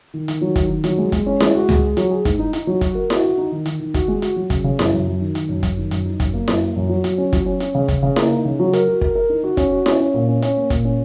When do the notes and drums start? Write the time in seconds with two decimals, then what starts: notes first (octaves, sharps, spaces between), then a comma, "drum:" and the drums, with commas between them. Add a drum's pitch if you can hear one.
0.14 D#3
0.28 D#3, drum: hi-hat
0.41 F#3
0.56 D#3, drum: kick, hi-hat
0.70 D#3
0.84 F#3, drum: hi-hat
0.98 G#3
1.12 G#3, drum: kick, hi-hat
1.26 C#4
1.40 G#3, drum: snare E4
1.55 F#4
1.69 G#3, drum: tom C#2
1.82 G#4
1.97 F#3, drum: hi-hat
2.11 G#4
2.25 G#2, drum: kick, hi-hat
2.39 D#4
2.53 D#4, drum: hi-hat
2.67 F#3
2.81 F#4, drum: kick, hi-hat
2.95 A#4
3.10 F#4, drum: snare E4
3.24 F#4
3.38 D#4
3.52 D#3
3.66 D#3, drum: hi-hat
3.80 D#3
3.94 F#4, drum: kick, hi-hat
4.08 G#3
4.22 F#4, drum: hi-hat
4.36 F#3
4.50 C#3, drum: kick, hi-hat
4.64 C#3
4.79 F#2, drum: snare E4
4.93 F#2
5.07 F#3
5.21 D#3
5.35 D#3, drum: hi-hat
5.49 F#2
5.63 F#2, drum: kick, hi-hat
5.77 D#3
5.91 F#2, drum: hi-hat
6.05 D#4
6.20 F#2, drum: kick, hi-hat
6.34 A#3
6.48 F#2, drum: snare E4
6.62 A#3
6.76 F#2
6.89 F#3
7.04 F#3, drum: hi-hat
7.18 C#4
7.33 F#3, drum: kick, hi-hat
7.46 C#4
7.60 C#4, drum: hi-hat
7.75 C#3
7.88 C#3, drum: kick, hi-hat
8.03 C#3
8.16 A#3, drum: snare E4
8.31 D#4
8.45 C#3
8.59 F#3
8.73 A#4, drum: hi-hat
8.88 F#4
9.01 A#4, drum: kick
9.15 A#4
9.30 D#4
9.44 F#4
9.57 C#4, drum: kick, hi-hat
9.72 F#4
9.86 C#4, drum: snare E4
10.00 C#4
10.14 A#2
10.28 C#4
10.42 C#4, drum: hi-hat
10.56 A#3
10.70 A#2, drum: kick, hi-hat
10.85 C#4